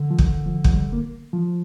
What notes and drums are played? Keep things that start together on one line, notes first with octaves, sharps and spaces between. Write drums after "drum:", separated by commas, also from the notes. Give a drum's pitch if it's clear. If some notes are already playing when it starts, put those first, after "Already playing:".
Already playing: D3
F3
D#3, drum: kick
F3
F3, drum: kick
G3
A#3
F3